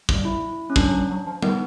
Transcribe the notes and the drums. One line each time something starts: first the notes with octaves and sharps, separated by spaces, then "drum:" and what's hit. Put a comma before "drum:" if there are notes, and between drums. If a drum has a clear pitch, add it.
G3, drum: kick
E4
C#4
G3 D4, drum: kick
F#3
G3
F#3
F3
D#3 B3, drum: tom G3